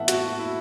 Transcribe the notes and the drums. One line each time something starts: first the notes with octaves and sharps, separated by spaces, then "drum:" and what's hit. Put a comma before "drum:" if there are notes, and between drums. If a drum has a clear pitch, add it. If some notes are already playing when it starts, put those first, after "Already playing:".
Already playing: A2 E3 B3 E5 F#5 A5
F#4, drum: hi-hat
E4